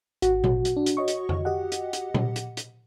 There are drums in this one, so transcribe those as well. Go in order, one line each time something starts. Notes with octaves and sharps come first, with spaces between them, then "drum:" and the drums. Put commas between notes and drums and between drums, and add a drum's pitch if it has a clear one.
G#1 F#4, drum: hi-hat
drum: tom A#2
drum: hi-hat
D4
drum: hi-hat
C#5 D#5 C#6
drum: hi-hat
drum: tom F2
G4 D#5 F#5
drum: hi-hat
drum: hi-hat
drum: tom A#2
drum: hi-hat
drum: hi-hat